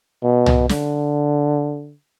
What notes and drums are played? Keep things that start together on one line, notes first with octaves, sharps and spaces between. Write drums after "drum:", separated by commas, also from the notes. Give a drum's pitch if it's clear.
B2
drum: tom
D3, drum: snare